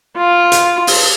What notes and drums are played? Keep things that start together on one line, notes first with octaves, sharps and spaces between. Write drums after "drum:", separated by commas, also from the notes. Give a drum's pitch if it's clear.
F4
drum: hi-hat
drum: open hi-hat